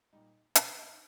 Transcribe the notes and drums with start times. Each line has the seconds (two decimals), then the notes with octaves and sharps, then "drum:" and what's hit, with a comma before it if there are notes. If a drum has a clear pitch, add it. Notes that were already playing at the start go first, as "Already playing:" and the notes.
0.13 A#2 G3 D#4
0.55 B2 G#3, drum: hi-hat
0.89 D#4